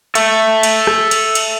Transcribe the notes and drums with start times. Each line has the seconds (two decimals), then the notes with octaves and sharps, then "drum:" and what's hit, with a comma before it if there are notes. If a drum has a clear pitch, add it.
0.15 A4 E5, drum: cymbal
0.63 drum: cymbal
0.87 drum: rim click
1.11 drum: cymbal
1.35 drum: cymbal